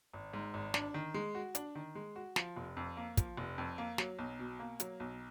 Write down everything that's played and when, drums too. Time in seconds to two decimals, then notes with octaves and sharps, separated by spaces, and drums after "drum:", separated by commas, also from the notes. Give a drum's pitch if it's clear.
0.13 G#1
0.34 G#2
0.54 G#1
0.74 D4, drum: snare
0.94 D#3
1.14 G#3
1.35 F#4
1.55 D4, drum: hi-hat
1.75 D#3
1.95 G#3
2.16 F#4
2.36 F3, drum: snare
2.56 F1
2.77 F2
2.97 A#3
3.17 F3, drum: kick, hi-hat
3.37 F1
3.58 F2
3.78 A#3
3.98 F#3, drum: snare
4.19 B1
4.39 B2
4.59 A#3
4.80 F#3, drum: hi-hat
5.00 B1